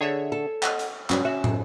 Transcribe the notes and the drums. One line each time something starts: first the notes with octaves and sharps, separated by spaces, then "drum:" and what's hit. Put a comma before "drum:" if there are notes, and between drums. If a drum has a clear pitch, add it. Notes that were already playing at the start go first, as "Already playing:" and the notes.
D3 G#4 C#5 E5
A4
D#5 F#5, drum: clap
drum: hi-hat
G2 F#3 C#4 F#4, drum: clap
F#4 E5
drum: tom